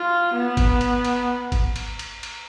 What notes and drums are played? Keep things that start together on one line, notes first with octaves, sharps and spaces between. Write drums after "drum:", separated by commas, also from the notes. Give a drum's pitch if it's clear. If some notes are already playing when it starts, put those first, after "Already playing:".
Already playing: F4
B3
drum: kick G#1, cymbal
drum: cymbal
drum: cymbal
drum: kick G#1, cymbal
drum: cymbal
drum: cymbal
drum: cymbal